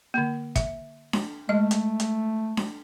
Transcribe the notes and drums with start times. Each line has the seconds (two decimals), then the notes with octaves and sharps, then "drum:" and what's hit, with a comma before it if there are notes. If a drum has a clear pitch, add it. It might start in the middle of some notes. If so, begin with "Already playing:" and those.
0.14 D3 A#3
0.56 E5, drum: kick, hi-hat
1.13 drum: snare D4
1.49 G#3 A3 D#5
1.71 drum: hi-hat
2.00 drum: hi-hat
2.57 drum: snare D4